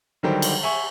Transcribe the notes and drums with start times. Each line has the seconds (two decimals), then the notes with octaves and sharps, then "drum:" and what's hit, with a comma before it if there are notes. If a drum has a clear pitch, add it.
0.23 D3 D#3 F#3 G3 G4 C5
0.42 drum: cymbal
0.63 E5 G#5 C#6